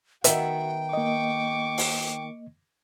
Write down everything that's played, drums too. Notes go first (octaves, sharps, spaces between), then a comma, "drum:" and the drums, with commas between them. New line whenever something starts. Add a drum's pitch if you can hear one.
D#3 B3 F#4 E5 G5, drum: hi-hat
A#3 D#5 C#6 D6
drum: open hi-hat